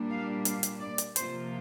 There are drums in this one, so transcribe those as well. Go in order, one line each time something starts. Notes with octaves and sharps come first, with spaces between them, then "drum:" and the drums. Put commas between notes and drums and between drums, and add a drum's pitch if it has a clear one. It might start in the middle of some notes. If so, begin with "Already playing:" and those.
Already playing: A#2 G3 A#3 D4
F5
F5, drum: hi-hat
drum: hi-hat
D5
drum: hi-hat
C3 F3 A#3 F4 C5, drum: hi-hat